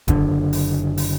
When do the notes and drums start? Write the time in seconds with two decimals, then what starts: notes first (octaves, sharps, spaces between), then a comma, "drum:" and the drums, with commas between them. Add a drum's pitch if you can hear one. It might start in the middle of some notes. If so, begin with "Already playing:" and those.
0.08 F#1 D3, drum: kick, hi-hat
0.53 drum: open hi-hat
0.98 drum: open hi-hat